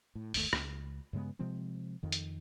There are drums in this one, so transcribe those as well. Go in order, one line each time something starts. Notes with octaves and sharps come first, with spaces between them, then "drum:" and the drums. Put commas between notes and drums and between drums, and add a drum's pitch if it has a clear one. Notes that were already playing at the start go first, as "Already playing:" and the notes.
A2
G1 D#2 B2 A3, drum: open hi-hat
C#2, drum: rim click
G2 C#3 G#3 B3
C3 F3 G#3 C4
F2 D#3
drum: hi-hat